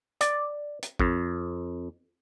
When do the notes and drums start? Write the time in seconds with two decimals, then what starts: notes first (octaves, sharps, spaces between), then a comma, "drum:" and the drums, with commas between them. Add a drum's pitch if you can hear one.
0.21 D5, drum: hi-hat
0.83 drum: hi-hat
0.99 F2, drum: kick